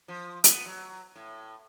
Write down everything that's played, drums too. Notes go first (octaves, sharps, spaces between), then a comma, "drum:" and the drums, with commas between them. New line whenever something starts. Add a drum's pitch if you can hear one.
F3
B3, drum: hi-hat
F#3
A2